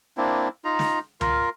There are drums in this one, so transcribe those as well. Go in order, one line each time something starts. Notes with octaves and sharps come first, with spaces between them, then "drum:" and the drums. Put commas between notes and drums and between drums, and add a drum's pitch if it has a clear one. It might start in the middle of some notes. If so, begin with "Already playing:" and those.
A#3 C4 D4 E4
D#4 F4 A#5
drum: snare
F4 A#4, drum: tom C#2